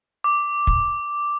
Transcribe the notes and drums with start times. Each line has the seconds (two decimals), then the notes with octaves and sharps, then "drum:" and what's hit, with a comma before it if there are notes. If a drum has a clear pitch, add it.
0.24 D6
0.67 drum: kick